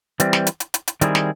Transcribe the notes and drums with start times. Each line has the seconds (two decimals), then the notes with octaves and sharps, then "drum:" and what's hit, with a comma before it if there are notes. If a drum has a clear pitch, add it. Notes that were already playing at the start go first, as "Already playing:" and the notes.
0.20 E3 G3 C4, drum: hi-hat
0.33 drum: snare
0.47 drum: hi-hat
0.60 drum: hi-hat
0.74 drum: hi-hat
0.88 drum: hi-hat
1.01 D#3 G3 C4 E4 G#4, drum: hi-hat
1.15 drum: snare